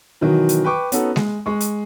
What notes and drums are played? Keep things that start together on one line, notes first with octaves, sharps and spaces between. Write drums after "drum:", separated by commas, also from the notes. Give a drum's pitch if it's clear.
B2 D#3 E3 F#3
drum: hi-hat
B4 G5 C#6 D6
B3 C#4 D#4 F#4 A4, drum: hi-hat
G#3, drum: snare G#3
G#3 C#6
drum: hi-hat